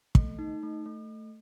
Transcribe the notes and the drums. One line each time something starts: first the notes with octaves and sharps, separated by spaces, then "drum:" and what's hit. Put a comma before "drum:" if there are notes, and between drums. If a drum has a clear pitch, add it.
A3, drum: kick
D#4
A3
A3